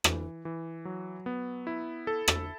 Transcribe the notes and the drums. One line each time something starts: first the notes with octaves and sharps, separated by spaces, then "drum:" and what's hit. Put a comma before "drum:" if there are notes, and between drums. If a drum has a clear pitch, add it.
E3, drum: rim click
E3
F#3
B3
E4
A4
drum: rim click